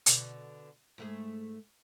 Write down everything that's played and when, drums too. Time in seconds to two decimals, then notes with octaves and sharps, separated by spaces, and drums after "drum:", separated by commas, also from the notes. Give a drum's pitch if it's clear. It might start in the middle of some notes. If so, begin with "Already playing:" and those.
0.06 B2 D3, drum: hi-hat
0.98 G#2 A3 G#4